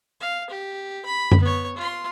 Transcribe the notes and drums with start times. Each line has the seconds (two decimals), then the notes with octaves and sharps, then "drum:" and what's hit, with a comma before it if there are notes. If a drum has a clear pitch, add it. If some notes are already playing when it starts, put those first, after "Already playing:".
0.21 F5
0.50 G4
1.06 B5
1.31 drum: tom F#2
1.41 B3 C#5
1.77 F4 C6